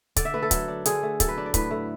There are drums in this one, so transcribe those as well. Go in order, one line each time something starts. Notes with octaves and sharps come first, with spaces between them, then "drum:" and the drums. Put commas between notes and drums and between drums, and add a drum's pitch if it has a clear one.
D3 D5, drum: kick, hi-hat
E5
A3 B4
A4
F#3, drum: kick, hi-hat
D4
D3 G#4, drum: hi-hat
A3
F#3 A4, drum: kick, hi-hat
B4
D4
D5
A2 B4, drum: kick, hi-hat
A3